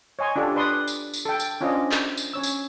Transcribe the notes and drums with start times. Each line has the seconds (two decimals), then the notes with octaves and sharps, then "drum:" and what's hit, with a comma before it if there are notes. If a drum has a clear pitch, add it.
0.19 C#5 D#5 G#5 C6 C#6
0.36 D4 F4 G4 A4
0.56 B4 D5 C6 C#6 D#6
0.88 drum: tambourine
1.14 drum: tambourine
1.25 A4 G5
1.40 drum: tambourine
1.61 C#4 D4 F4 C5 D5 D#5
1.91 drum: clap
2.17 drum: tambourine
2.33 C#4 C#5 E6
2.43 drum: tambourine